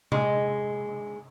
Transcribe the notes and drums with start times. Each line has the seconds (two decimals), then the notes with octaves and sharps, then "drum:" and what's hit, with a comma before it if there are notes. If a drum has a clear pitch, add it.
0.12 G#3, drum: tom C3